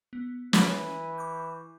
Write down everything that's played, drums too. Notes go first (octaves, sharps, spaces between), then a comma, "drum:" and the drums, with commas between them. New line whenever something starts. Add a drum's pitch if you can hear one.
B3
E3 D#7, drum: snare
C#6 D6 G6